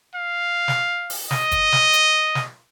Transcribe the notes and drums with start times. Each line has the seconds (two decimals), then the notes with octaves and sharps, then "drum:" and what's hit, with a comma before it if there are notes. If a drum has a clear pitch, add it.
0.15 F5
0.68 drum: snare
1.10 drum: open hi-hat
1.31 D#5, drum: snare
1.52 drum: kick, hi-hat
1.72 drum: snare
1.93 drum: hi-hat
2.35 drum: snare